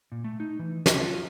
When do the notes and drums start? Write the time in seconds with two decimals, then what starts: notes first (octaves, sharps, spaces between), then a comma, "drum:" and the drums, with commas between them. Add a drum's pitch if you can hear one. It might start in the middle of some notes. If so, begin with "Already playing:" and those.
0.12 A#2
0.24 A3
0.40 D#4
0.59 E3
0.86 C5, drum: snare
1.01 F4